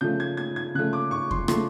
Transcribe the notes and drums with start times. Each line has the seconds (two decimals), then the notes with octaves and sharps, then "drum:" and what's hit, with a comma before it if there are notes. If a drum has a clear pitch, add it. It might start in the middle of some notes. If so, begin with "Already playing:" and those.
0.01 C#3 F3 A3 G6
0.20 G#6
0.37 G#6
0.56 G#6
0.75 C#3 F3 A3 F#6
0.93 D6
1.11 C#6
1.31 C6, drum: kick F2
1.48 C#3 F3 A3 C6, drum: rim click